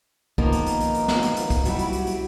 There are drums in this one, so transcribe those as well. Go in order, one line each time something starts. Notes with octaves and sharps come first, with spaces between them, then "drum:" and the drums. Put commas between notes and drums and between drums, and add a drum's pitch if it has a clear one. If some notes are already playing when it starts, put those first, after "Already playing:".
D#3 F3 A#3 B3 D#4 A#4, drum: kick C2
drum: hi-hat
drum: hi-hat
drum: hi-hat
drum: hi-hat
drum: snare
drum: hi-hat
drum: hi-hat
drum: kick C2, hi-hat
F#3 G3 E4 F#4 G4, drum: hi-hat
drum: hi-hat
drum: hi-hat
drum: hi-hat